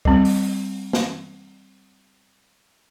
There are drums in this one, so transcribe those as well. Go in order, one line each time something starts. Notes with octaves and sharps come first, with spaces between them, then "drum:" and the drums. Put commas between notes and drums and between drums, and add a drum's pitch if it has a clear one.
G3 C4, drum: kick C2
drum: open hi-hat
drum: snare